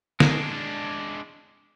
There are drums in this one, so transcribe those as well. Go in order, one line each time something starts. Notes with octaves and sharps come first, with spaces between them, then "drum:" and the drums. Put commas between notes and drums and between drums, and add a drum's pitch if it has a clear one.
G#3 D4, drum: snare